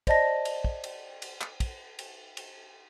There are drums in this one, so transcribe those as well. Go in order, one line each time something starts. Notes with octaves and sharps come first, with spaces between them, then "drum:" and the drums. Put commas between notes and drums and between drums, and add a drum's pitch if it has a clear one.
C5 D5 D#5 A5 A#6, drum: kick, cymbal
drum: cymbal
drum: kick
drum: cymbal
drum: cymbal
drum: clap
drum: kick, cymbal
drum: cymbal
drum: cymbal